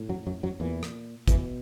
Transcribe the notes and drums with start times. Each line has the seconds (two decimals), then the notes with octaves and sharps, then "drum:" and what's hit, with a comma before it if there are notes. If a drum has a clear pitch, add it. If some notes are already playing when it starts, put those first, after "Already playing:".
Already playing: A2
0.09 F#2 F#3
0.27 F#2 F#3
0.43 F#2 F#3
0.60 E2 A#2 E3
0.83 drum: rim click
1.28 E2 B2 E3, drum: kick, hi-hat